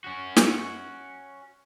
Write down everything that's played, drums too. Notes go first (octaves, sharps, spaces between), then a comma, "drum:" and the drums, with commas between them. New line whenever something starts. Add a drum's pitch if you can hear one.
C#4 F#4
drum: snare